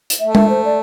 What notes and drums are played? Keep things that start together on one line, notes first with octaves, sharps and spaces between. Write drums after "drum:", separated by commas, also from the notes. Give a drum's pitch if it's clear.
drum: hi-hat
A3 E5
E5, drum: tom G#3
C5
D5